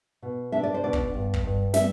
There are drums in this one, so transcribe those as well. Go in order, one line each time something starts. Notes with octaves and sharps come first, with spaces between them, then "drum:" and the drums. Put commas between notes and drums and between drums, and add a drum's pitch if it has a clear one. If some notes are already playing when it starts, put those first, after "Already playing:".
B2
D4 E5
D5
C5
B2 D5
drum: kick
G2
drum: kick
G2
G3 E5, drum: snare